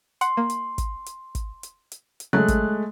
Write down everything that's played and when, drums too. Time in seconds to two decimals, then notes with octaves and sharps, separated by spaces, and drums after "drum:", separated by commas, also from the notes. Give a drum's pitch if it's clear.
0.21 F#5 C6, drum: hi-hat
0.37 A#3
0.50 drum: hi-hat
0.78 drum: kick, hi-hat
1.06 drum: hi-hat
1.35 drum: kick, hi-hat
1.63 drum: hi-hat
1.92 drum: hi-hat
2.20 drum: hi-hat
2.33 C#3 F#3 G#3 A3 F#6
2.48 drum: kick, hi-hat